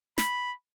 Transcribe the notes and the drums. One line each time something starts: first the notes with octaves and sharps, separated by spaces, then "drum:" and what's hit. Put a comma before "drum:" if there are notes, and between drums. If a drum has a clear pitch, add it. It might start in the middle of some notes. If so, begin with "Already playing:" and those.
B5, drum: snare